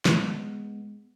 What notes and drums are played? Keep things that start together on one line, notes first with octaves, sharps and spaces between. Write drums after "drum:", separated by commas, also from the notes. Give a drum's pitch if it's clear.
G#3 B3, drum: snare